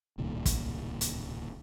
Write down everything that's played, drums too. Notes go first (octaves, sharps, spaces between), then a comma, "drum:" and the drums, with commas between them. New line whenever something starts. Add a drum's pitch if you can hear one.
D1 C2 A#2 D#3
drum: kick, hi-hat
drum: hi-hat